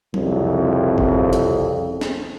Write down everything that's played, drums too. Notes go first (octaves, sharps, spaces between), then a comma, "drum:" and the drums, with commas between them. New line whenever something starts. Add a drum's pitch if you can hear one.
C2 F2 C#3, drum: tom F#3
drum: kick G1
drum: hi-hat
drum: snare